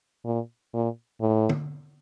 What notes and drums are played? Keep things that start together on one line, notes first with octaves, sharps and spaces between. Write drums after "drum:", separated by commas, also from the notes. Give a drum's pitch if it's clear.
A#2
A#2
A2
drum: tom D3